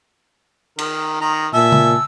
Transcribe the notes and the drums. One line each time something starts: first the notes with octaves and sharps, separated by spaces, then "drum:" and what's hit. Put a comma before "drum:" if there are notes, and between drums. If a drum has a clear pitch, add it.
D#3 A#4, drum: cymbal
D#3 A#5
A#2 E5 G#5 A5 E6
drum: tom C#3